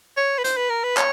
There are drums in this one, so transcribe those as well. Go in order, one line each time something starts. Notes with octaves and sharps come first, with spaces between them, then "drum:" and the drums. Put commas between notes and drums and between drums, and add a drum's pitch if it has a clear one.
C#5
B4
C5, drum: hi-hat
B4
A#4
B4
C#5, drum: clap